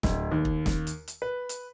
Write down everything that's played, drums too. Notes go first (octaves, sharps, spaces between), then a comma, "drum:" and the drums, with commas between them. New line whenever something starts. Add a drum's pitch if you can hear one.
D1, drum: snare
D#2
drum: kick
drum: snare
drum: hi-hat
drum: hi-hat
B4
drum: hi-hat